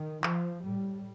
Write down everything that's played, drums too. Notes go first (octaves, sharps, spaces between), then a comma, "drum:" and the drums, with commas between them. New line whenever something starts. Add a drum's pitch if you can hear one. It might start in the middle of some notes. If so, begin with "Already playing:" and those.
Already playing: D#3
F3, drum: clap
A2 G3